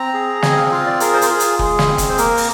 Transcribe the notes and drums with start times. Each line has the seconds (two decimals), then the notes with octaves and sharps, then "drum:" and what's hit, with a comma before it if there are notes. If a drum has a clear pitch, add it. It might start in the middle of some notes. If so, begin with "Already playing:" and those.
Already playing: C4 A#5
0.14 G#4
0.42 C4 G#5, drum: snare
0.52 D#5
0.57 F5
0.71 F4 F5
0.87 D5
1.00 G#4 A#4, drum: hi-hat
1.14 C5
1.22 A#4, drum: hi-hat
1.30 F4 G#4
1.40 drum: hi-hat
1.59 G#3 G#4, drum: kick F#1
1.79 drum: snare
1.88 C4
1.98 drum: kick F#1, hi-hat
2.09 C5
2.18 A#3 A#4, drum: hi-hat
2.37 drum: open hi-hat